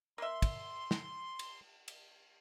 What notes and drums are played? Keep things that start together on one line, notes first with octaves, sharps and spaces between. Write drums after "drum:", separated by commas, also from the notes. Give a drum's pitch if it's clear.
A#3 E5 C6
drum: kick, cymbal
drum: snare
drum: cymbal
drum: cymbal